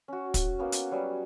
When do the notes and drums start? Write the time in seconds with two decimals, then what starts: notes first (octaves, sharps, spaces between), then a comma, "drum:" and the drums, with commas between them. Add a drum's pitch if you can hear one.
0.08 C#4 F#4
0.34 drum: kick, hi-hat
0.59 A#3 B3 C#4
0.72 drum: hi-hat
0.91 F#3 G3 B3 G#5